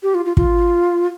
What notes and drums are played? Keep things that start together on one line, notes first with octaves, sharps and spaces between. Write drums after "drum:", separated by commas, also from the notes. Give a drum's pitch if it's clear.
G4
F4
F4
F4, drum: kick